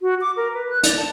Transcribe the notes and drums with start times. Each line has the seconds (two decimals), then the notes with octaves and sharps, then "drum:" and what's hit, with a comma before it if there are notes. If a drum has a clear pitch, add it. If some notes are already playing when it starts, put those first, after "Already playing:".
0.01 F#4
0.21 D6
0.37 A#4
0.54 B4
0.69 F#6
0.83 D5, drum: hi-hat
0.97 A5